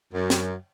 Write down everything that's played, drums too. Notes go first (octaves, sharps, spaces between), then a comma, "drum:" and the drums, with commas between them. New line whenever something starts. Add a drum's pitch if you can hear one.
F#2
drum: snare